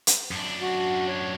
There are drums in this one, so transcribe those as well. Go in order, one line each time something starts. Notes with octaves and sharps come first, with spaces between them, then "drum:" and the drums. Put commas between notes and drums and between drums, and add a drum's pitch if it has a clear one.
drum: hi-hat
F#2 D4
F#4
C#5